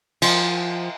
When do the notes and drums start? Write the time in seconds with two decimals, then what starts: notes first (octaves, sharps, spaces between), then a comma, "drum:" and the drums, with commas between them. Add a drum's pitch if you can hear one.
0.22 F3, drum: cymbal